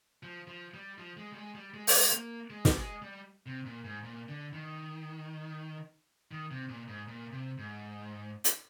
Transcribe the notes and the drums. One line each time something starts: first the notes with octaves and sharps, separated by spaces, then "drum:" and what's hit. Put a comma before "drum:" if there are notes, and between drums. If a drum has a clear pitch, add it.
F3
F3
G3
F3
G#3
G3
G#3
G3
G#3
drum: open hi-hat
A#3
G#3
G3, drum: snare
G#3
G3
C3
A#2
G#2
A#2
D3
D#3
D#3
C3
A#2
G#2
A#2
C3
G#2
drum: hi-hat